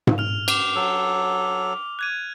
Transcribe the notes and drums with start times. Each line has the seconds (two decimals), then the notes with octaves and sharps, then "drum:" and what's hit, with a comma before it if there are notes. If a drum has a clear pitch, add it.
0.07 drum: tom G#2
0.18 F6 F7
0.48 D6 F7, drum: cymbal
0.75 F#3 A4
1.99 F#6 G#6 D#7